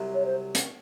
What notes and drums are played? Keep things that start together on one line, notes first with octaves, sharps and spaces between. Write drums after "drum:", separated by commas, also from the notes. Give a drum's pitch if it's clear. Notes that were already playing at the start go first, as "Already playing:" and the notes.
Already playing: C2 C3 F#3
C#5
C5
drum: hi-hat